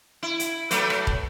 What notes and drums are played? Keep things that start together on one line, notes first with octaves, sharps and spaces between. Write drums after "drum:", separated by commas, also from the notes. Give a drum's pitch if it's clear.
E4
drum: hi-hat
F#3 A3 B4, drum: hi-hat
drum: rim click
drum: kick